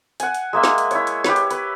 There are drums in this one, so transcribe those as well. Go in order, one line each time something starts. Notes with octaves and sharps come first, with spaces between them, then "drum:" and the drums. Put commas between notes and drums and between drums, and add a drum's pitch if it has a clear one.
F#5 G#5, drum: hi-hat
drum: hi-hat
G#3 A#3 E5
drum: snare
drum: hi-hat
E4 C#5, drum: hi-hat
drum: hi-hat
G4 B4 C#5, drum: snare
drum: hi-hat
B4, drum: hi-hat